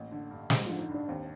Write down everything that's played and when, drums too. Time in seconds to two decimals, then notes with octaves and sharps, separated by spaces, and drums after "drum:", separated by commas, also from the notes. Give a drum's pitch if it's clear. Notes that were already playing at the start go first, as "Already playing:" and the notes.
Already playing: A1 A#3
0.12 D3
0.31 G2
0.50 A1 G3, drum: snare
0.65 D3 F3
0.79 D#4
0.89 G2 D4
1.08 D#2 C4